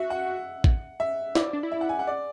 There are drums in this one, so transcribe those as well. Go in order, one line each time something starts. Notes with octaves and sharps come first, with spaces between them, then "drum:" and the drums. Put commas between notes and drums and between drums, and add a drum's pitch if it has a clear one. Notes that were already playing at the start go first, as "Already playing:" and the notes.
Already playing: F#4 E5
F#5
drum: kick
E5
E4 D5, drum: snare
D4
E4
E5
F#5
G#5
F#5
D5